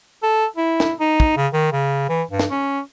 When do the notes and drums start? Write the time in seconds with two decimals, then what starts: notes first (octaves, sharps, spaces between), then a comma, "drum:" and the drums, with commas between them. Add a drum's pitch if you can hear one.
0.23 A4
0.56 E4
0.80 drum: snare
1.00 D#4
1.20 drum: kick
1.37 C#3
1.53 D#3
1.72 C#3
2.09 E3
2.30 G2
2.39 drum: snare
2.50 C#4